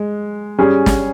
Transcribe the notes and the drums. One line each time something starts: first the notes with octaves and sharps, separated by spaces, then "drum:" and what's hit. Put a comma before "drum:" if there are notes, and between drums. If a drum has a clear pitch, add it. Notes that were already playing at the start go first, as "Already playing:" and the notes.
Already playing: G#3
G3 C#4 G#4
drum: snare